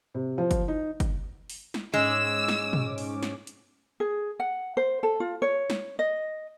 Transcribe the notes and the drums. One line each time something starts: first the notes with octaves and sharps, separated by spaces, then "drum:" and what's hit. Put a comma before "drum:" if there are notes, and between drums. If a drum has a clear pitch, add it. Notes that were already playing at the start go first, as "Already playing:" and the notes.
C3
F3
drum: kick, hi-hat
D#4
drum: kick, hi-hat
drum: open hi-hat
drum: snare
G#2 G#3 C#4 D6 E6
drum: snare
drum: tom A#2
drum: open hi-hat
drum: snare
drum: hi-hat
G#4
F#5
C5
A4
F4
C#5
drum: snare
D#5